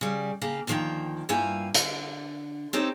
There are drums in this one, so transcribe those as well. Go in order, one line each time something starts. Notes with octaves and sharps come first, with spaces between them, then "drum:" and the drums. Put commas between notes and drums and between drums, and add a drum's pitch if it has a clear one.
C#3 G3
C#3 A#3 G4
D2 B2 D#3 F3 A#3 G5
G2 A#3 E4 F4 G5 G#5
D3, drum: hi-hat
C4 D#4 G4 A4 C5 C#5